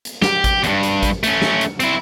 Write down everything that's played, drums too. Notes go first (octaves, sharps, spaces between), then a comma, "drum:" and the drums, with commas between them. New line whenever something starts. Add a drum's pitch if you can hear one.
drum: hi-hat
G4, drum: snare
drum: kick, hi-hat
E2 G2, drum: hi-hat
drum: hi-hat
drum: kick, hi-hat
A3 C#4, drum: hi-hat
drum: snare
drum: hi-hat
C4 E4, drum: hi-hat